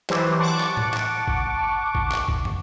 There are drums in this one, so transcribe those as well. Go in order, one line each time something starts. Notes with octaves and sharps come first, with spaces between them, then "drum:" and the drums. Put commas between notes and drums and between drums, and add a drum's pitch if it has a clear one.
E3 F#3 G4 C5 D5, drum: clap
F#5 A5 C#6 D6
drum: clap
drum: tom A2
drum: clap
drum: kick
drum: kick
drum: clap
drum: kick
drum: tom